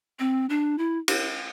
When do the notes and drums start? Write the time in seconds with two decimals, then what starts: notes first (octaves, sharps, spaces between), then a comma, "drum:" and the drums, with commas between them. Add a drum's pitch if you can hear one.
0.19 C4
0.49 D4
0.78 E4
1.08 drum: cymbal